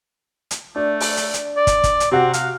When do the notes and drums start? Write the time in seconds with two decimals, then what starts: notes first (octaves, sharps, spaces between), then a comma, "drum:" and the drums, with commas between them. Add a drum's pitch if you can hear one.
0.51 drum: hi-hat
0.76 A3 D4
1.00 drum: open hi-hat
1.17 drum: hi-hat
1.34 drum: hi-hat
1.57 D5
1.67 drum: kick, hi-hat
1.84 drum: kick, hi-hat
2.00 drum: hi-hat
2.12 C3 C4 F#4
2.33 F5, drum: hi-hat